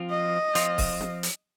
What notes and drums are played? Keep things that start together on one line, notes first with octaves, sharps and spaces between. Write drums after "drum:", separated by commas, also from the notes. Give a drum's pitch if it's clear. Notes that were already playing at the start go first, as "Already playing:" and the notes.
Already playing: F3 C4 F4
D#5
F3 C4 F4, drum: hi-hat
drum: kick C#1, open hi-hat
drum: snare
drum: hi-hat